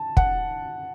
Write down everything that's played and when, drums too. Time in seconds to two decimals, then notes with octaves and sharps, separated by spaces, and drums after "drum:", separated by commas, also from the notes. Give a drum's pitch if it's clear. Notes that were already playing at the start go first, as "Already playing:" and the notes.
Already playing: A5
0.17 F#5, drum: kick